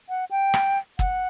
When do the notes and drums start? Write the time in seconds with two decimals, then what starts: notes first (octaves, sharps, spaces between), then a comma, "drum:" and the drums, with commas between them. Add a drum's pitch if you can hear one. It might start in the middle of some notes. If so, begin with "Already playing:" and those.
0.09 F#5
0.31 G5
0.54 drum: rim click
0.99 F#5, drum: kick